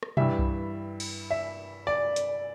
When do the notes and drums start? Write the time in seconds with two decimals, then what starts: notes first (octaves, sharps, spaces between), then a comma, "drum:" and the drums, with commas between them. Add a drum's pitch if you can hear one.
0.03 drum: rim click
0.17 G2 E3 G3 E5, drum: tom B2
0.39 drum: kick B1
1.00 drum: cymbal
1.31 E5
1.87 D5
2.16 drum: hi-hat